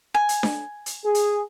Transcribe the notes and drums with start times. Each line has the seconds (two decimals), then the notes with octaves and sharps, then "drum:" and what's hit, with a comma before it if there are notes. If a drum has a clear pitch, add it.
0.14 G#5
0.29 drum: hi-hat
0.43 drum: snare D4
0.86 drum: hi-hat
1.05 G#4
1.15 drum: hi-hat